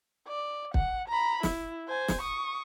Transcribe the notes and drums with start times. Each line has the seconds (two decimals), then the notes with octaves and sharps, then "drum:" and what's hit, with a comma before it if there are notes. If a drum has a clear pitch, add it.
0.28 D5
0.74 F#5, drum: kick
1.08 A#5 B5
1.43 E4, drum: snare
1.88 C5 G#5
2.08 drum: snare
2.21 C#6 D#6